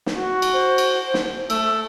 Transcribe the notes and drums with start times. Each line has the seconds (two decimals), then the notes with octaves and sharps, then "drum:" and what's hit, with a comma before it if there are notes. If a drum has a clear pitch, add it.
0.06 drum: snare
0.17 F#4
0.42 drum: cymbal
0.53 C5
0.78 drum: cymbal
1.14 drum: snare
1.50 A3 E6, drum: cymbal